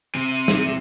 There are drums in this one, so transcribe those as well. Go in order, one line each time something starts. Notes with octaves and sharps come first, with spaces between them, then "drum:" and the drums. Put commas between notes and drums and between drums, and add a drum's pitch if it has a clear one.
C3
drum: snare